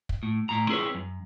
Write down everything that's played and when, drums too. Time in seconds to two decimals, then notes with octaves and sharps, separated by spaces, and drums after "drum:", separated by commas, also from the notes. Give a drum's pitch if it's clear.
0.09 drum: kick
0.23 A2
0.49 A2 A#5
0.69 C4 E4 G#4 A#4 B4 C#5
0.95 F#2